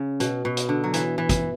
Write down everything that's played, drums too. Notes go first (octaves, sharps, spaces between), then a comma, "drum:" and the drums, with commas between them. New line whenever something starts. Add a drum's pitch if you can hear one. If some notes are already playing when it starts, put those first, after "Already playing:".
Already playing: C#3
B2, drum: hi-hat
B2
drum: hi-hat
D3
F#3
E3, drum: hi-hat
E3
drum: kick, hi-hat